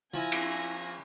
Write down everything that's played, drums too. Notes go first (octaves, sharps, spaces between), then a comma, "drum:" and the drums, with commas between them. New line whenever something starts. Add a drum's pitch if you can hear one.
F3 E4 G#5 G#6 A#6
drum: cymbal